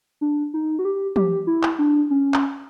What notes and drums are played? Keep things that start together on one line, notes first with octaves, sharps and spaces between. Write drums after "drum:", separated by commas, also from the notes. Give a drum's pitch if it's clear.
D4
D#4
F#4
G4
G4, drum: tom
E4
drum: clap
D4
C#4
drum: clap